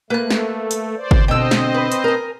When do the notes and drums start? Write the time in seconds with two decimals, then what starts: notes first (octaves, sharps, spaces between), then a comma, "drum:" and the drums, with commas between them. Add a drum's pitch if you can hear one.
0.10 A3 A#3 B4 F#6
0.30 drum: snare
0.71 drum: hi-hat
0.95 C5 D5
1.11 drum: kick G1
1.28 B2 D3 C4 C5 D#5 G5 E6
1.51 drum: snare
1.74 B4
1.92 drum: hi-hat
2.04 A#4 G#5